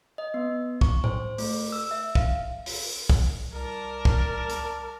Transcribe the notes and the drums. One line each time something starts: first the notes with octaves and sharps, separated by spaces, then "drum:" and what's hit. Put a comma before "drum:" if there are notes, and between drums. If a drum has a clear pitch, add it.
D#5
B3
C#6, drum: kick
C5, drum: tom A2
A3, drum: open hi-hat
E6
E5
F5, drum: kick
drum: open hi-hat
drum: kick
C2 A#4 D5 A5
drum: kick
drum: hi-hat